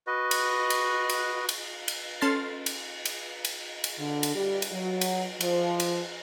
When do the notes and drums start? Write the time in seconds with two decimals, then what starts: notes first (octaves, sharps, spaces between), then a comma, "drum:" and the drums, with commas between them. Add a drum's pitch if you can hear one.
0.07 F#4 B4 D#5
0.31 drum: cymbal
0.70 drum: cymbal
1.10 drum: cymbal
1.49 drum: cymbal
1.88 drum: cymbal
2.21 C#4 A4 C6 F6 A6 C7
2.66 drum: cymbal
3.05 drum: cymbal
3.45 drum: cymbal
3.84 drum: cymbal
3.98 D3
4.23 drum: cymbal
4.35 G3
4.62 drum: cymbal
4.72 F#3
5.01 drum: cymbal
5.41 F3, drum: cymbal
5.80 drum: cymbal